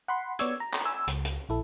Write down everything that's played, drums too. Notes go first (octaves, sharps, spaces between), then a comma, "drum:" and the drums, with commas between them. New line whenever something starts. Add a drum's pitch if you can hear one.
F#5 B5 C6
B3 C#5 D5 C#6 E6 G#6, drum: hi-hat
A#5
drum: clap
G#5 E6
C#2, drum: hi-hat
drum: hi-hat
A#1 E4 A4